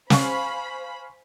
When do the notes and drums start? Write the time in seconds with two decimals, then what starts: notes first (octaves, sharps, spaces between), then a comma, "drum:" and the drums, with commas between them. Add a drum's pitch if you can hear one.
0.10 C5 F5 G#5 B5 C#6, drum: snare